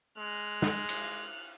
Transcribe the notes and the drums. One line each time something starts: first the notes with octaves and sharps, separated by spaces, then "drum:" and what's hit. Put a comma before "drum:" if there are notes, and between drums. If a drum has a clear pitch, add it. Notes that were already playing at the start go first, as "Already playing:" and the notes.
G#3 F6 F#6
drum: snare
drum: cymbal